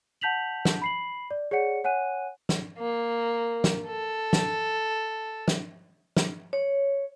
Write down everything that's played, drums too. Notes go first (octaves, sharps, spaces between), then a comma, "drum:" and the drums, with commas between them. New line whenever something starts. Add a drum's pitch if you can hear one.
F#5 A5 G6 B6 F7 F#7
drum: snare
B5 C7 F#7
D5
G#4 C#5 D5 F#5 C#7
C#5 F#5 G#5 F#6 D#7
drum: snare
A#3
drum: snare
A4
drum: snare
drum: snare
drum: snare
C#5